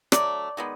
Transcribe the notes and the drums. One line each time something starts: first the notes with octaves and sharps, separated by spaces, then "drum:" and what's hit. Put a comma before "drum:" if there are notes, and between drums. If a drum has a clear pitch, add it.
D3 F#3 A3 D5, drum: rim click
D#3 G#3 B3